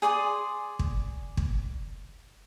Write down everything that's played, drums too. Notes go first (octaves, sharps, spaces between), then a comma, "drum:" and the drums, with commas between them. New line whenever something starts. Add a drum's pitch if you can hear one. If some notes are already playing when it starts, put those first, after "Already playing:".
G#4 D5 C6 D#6
drum: kick
drum: kick